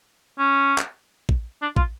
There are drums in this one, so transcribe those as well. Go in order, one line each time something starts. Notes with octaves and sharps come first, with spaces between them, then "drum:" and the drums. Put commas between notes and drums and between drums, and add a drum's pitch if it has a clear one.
C#4
drum: clap
drum: kick
D4
F4, drum: kick